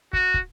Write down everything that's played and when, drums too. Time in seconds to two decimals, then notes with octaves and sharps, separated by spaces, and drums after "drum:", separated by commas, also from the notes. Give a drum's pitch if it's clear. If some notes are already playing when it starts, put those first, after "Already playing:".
0.13 F#4, drum: kick
0.34 drum: kick